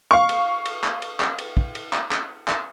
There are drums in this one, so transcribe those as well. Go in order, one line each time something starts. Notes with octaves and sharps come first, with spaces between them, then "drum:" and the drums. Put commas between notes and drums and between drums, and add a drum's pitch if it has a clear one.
F5 C#6
drum: cymbal
drum: cymbal
drum: clap
drum: cymbal
drum: clap
drum: cymbal
drum: kick
drum: cymbal
drum: clap
drum: clap
drum: clap